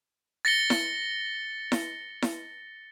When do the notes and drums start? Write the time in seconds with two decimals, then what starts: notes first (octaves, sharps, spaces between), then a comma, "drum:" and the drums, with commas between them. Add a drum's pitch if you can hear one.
0.45 A6 A#6 C#7 G7
0.70 drum: snare E4
1.72 drum: snare E4
2.22 drum: snare E4